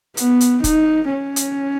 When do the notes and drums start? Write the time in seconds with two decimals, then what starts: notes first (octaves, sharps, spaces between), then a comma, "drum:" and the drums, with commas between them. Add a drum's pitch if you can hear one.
0.17 B3, drum: hi-hat
0.41 drum: hi-hat
0.64 D#4, drum: kick, hi-hat
1.12 C#4
1.36 drum: hi-hat